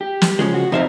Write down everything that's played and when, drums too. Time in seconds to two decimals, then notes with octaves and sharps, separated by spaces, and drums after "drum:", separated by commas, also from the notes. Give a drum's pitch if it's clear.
0.01 G4
0.21 drum: snare
0.39 C#3 F3 G#3
0.54 F#4
0.72 F2 C4 D#4 E4 E5 F5